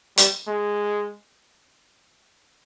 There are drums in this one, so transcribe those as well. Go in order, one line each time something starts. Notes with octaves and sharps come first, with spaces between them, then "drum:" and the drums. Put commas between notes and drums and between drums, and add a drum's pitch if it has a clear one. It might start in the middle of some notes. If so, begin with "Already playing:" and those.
G3, drum: hi-hat
G#3